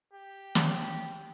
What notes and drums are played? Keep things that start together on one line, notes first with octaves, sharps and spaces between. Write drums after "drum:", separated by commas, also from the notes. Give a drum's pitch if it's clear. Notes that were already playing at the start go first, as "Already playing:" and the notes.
G4
drum: snare